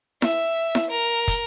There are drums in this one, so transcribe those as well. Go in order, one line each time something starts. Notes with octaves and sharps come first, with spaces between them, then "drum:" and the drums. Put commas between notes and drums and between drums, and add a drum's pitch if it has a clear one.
E5, drum: snare E4
drum: snare E4
A#4
drum: kick, hi-hat